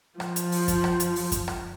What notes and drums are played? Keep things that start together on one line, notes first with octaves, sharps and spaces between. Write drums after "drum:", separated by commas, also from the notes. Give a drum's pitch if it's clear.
F3, drum: rim click
drum: hi-hat
drum: open hi-hat
drum: kick F#2, hi-hat
drum: rim click
drum: hi-hat
drum: open hi-hat
drum: kick F#2, hi-hat
drum: rim click